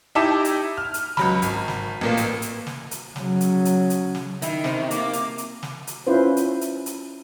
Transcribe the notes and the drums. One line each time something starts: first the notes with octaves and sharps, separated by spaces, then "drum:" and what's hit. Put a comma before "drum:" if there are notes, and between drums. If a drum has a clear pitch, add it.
D#4 E4 G4 E5 A5 D6
drum: hi-hat
F6
drum: hi-hat
C#2 F#3 B5, drum: snare
G#1, drum: hi-hat
drum: snare
A1 A#2 A#3
drum: hi-hat
drum: hi-hat
drum: snare
drum: hi-hat
C#3 F#3, drum: snare
drum: hi-hat
drum: hi-hat
drum: hi-hat
drum: snare
D#3 E4, drum: hi-hat
C3 C4 C6, drum: snare
A#3 D6, drum: hi-hat
drum: hi-hat
drum: hi-hat
drum: snare
drum: hi-hat
C#4 E4 F4 B4 C5
drum: hi-hat
drum: hi-hat
drum: hi-hat